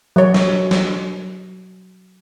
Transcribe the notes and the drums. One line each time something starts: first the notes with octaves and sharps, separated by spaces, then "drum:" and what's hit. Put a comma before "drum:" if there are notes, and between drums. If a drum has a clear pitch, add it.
F#3 C#5
drum: snare
drum: snare